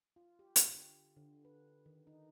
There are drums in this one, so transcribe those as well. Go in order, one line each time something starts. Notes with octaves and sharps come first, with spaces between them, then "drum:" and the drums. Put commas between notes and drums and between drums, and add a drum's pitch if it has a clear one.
F4
G4
D3, drum: hi-hat
D3
B4
D#3
D#4